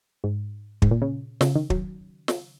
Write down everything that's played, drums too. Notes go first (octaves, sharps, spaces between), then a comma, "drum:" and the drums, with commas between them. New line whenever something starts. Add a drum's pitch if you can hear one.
G#2
G#2, drum: kick
A#2
C#3
C#3, drum: snare
D#3
F#3, drum: kick
drum: snare